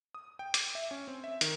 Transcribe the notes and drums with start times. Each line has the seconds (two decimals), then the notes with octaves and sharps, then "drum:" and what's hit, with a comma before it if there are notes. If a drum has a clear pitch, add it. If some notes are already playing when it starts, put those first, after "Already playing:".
0.15 D#6
0.39 G5
0.54 D6, drum: hi-hat
0.75 E5
0.91 C#4
1.08 C4
1.24 E5
1.41 D#3, drum: hi-hat